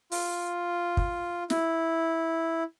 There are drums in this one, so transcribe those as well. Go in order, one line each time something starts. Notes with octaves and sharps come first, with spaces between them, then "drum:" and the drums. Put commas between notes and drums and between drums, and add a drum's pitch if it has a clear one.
F4, drum: open hi-hat
drum: kick
E4, drum: snare